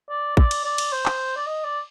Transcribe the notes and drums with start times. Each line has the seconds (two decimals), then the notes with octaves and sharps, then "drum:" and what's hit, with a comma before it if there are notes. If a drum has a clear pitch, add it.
0.10 D5
0.37 D5, drum: kick
0.51 drum: cymbal
0.65 D5
0.78 drum: cymbal
0.92 C5
1.06 drum: clap
1.36 D5
1.47 D#5
1.64 D5